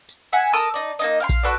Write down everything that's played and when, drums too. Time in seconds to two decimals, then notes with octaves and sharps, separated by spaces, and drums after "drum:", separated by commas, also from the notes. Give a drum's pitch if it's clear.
0.09 drum: tambourine
0.33 E5 F#5 G#5
0.53 A4 A#4 D#6 E6
0.74 D#4 D5
0.99 A#3 D#4 D#5, drum: tambourine
1.20 F5 G5 C6
1.29 drum: kick A#1, tambourine
1.43 F#4 A4 B4 D5